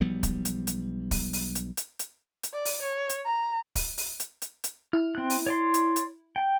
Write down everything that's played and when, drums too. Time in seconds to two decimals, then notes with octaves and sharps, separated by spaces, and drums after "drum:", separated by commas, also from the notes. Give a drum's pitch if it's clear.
0.01 B1 F3 G3 B3
0.23 drum: kick, hi-hat
0.45 drum: hi-hat
0.67 drum: hi-hat
1.11 drum: kick, open hi-hat
1.33 drum: open hi-hat
1.55 drum: hi-hat
1.77 drum: hi-hat
1.99 drum: hi-hat
2.43 drum: hi-hat
2.53 D5
2.65 drum: open hi-hat
2.83 C#5
3.09 drum: hi-hat
3.26 A#5
3.75 drum: kick, open hi-hat
3.98 drum: open hi-hat
4.20 drum: hi-hat
4.42 drum: hi-hat
4.64 drum: hi-hat
4.93 E4 F6
5.15 C4 F#6
5.30 drum: open hi-hat
5.46 C#5 D5 C6
5.74 drum: hi-hat
5.96 drum: hi-hat
6.36 G5